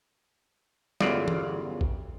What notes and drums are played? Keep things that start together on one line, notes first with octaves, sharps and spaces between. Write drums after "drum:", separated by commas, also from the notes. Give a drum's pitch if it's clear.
G1 E2 C#3 F#3 F4 D5, drum: snare
drum: tom
drum: kick